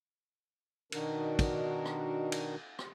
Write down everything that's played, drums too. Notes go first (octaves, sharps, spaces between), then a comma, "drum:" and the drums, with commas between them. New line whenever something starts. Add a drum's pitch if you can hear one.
B2 D#3 D4 D#4 F#4 A#4, drum: cymbal
drum: kick, cymbal
drum: rim click
drum: cymbal
drum: rim click